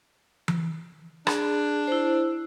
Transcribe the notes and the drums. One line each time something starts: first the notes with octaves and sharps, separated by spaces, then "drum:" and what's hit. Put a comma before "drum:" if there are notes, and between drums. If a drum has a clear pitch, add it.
drum: tom E3
D4 G#4, drum: rim click
E4 C5